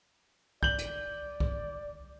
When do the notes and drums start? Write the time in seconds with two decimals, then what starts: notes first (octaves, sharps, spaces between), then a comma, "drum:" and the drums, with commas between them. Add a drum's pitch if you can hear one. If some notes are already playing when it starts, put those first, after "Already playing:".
0.63 D5 G6 F#7, drum: kick C2
0.78 drum: hi-hat
1.40 drum: kick C2